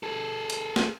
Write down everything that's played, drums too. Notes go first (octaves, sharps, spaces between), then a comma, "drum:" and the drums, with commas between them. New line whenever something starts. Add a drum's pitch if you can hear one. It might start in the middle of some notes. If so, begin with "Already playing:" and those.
G#4 A4
drum: hi-hat
drum: snare